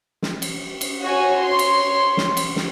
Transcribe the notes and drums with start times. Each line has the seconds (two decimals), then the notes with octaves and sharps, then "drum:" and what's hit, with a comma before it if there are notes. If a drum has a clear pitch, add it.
0.22 drum: snare
0.42 drum: cymbal
0.81 drum: cymbal
1.03 F#4 C#5 G#5
1.39 C#5 C6
1.59 drum: cymbal
2.17 drum: snare
2.37 drum: cymbal
2.56 drum: snare